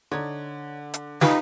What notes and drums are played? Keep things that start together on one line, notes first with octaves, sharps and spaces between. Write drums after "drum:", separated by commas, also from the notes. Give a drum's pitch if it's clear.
D3 D#4 C#5
drum: hi-hat
C#3 D#4 F4 G4 B4 F5 B5, drum: snare